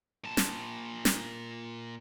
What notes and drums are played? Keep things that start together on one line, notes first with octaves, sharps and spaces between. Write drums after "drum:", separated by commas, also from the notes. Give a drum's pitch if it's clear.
A#2 A5
drum: snare
drum: snare